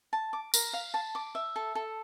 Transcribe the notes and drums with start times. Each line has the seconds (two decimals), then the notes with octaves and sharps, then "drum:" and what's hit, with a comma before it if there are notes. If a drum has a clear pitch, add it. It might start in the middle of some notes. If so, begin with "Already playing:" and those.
0.13 A5
0.33 D6
0.54 A#4, drum: tambourine
0.73 F5
0.94 A5
1.15 D6
1.35 E5
1.56 A4
1.75 A4